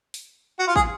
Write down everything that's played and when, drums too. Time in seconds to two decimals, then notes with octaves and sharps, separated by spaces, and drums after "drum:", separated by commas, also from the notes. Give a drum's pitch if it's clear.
0.14 drum: open hi-hat
0.59 F#4
0.68 F4
0.76 G#4, drum: kick